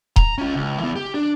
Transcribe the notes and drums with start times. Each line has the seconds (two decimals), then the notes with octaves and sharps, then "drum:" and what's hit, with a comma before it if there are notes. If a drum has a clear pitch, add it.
0.16 A#5, drum: kick D#1
0.38 C#4 F4
0.55 C#2
0.79 E3 B3
0.96 G4
1.14 D4